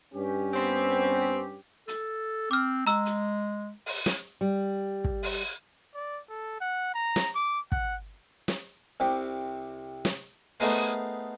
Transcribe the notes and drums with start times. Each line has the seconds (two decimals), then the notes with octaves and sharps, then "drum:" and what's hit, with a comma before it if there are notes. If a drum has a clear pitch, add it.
0.14 G2 C#4 G4
0.54 B3 C4
1.88 A4, drum: hi-hat
2.51 C4 D6 F6
2.87 G#3 A#5 E6, drum: hi-hat
3.05 drum: hi-hat
3.86 drum: open hi-hat
4.06 drum: snare
4.41 G3
5.04 drum: kick
5.23 drum: open hi-hat
5.95 D5
6.29 A4
6.61 F#5
6.94 A#5
7.16 drum: snare
7.35 D6
7.72 F#5, drum: kick
8.48 drum: snare
9.00 C2 C3 G4
10.05 drum: snare
10.60 A3 B3 D#4 G#4 A#4 C5, drum: open hi-hat